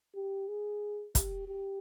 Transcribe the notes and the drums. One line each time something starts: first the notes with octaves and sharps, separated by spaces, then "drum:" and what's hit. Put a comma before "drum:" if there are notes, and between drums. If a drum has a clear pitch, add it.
G4
G#4
G4, drum: kick, hi-hat
G4